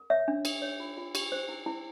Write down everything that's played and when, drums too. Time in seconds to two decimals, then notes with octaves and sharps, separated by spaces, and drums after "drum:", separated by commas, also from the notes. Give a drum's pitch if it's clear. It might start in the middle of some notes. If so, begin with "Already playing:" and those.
Already playing: A#4
0.10 C#5 E5
0.28 D4
0.45 A#4, drum: cymbal
0.62 C#5
0.80 F4
0.97 F4
1.15 G4, drum: cymbal
1.32 C5
1.49 E4
1.66 E4